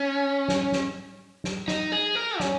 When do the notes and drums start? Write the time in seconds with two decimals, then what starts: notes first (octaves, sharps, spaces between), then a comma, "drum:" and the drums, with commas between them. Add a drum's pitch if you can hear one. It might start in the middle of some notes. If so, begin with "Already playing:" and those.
Already playing: C#4
0.48 drum: snare
0.72 drum: snare
1.44 drum: snare
1.68 D#4, drum: snare
1.92 G#4
2.16 A#4
2.40 C#4, drum: snare